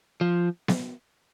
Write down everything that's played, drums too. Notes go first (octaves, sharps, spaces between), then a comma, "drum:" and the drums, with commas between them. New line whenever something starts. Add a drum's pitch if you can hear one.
F3
drum: snare B3